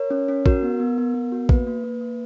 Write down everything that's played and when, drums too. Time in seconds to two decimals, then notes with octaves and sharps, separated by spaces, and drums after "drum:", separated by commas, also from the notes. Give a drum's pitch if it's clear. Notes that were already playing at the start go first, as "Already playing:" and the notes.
Already playing: A#4 C#5
0.10 C#4
0.28 C#4
0.46 F#4 A#4, drum: kick A1
0.62 B3
0.80 B3
0.98 B3
1.14 B3
1.32 F#4
1.49 A#3 B4, drum: kick A1
1.67 A#3
1.84 A#3
2.01 A#3